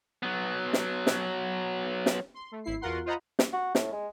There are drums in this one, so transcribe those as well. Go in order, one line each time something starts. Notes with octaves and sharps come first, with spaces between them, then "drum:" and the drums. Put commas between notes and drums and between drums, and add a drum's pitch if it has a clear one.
F#3 B3
drum: snare
drum: snare
drum: snare
C6
A3
G#1 E4 C7
E2 F4 F#4 A#4 F#5 C6
F4 C5 D#5 F#5 A#5 B5
drum: snare
F#4
A2, drum: snare
G#3